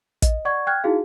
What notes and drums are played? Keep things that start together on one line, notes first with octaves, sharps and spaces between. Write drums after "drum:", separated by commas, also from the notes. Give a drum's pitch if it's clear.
D#5, drum: kick, hi-hat
D5 F#5 C#6 G#6
G5 F6 F#6 G#6
D#4 E4 F#4 G#4 F5